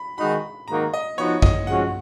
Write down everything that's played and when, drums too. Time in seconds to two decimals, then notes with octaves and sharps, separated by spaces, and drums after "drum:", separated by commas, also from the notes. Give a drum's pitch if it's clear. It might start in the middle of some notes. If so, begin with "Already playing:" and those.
Already playing: B5
0.18 D#3 G#3 D#4 F#4 B5
0.68 G#2 D#3 A#3 D#4 F#4 A#5
0.94 D#5
1.18 F3 B3 D#4 F#4 C#5
1.42 D#5, drum: kick A1
1.67 F3 G#3 C#4 F#4 F#5